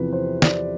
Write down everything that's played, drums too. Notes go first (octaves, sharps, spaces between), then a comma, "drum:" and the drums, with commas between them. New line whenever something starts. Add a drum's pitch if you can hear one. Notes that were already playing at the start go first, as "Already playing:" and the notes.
Already playing: E2 C3 F3 B4
C5
D5, drum: snare